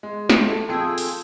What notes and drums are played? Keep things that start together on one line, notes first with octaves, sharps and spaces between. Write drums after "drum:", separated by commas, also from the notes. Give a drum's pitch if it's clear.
G#3
drum: snare
A3
F2 F4 G#4 A4 G5
drum: open hi-hat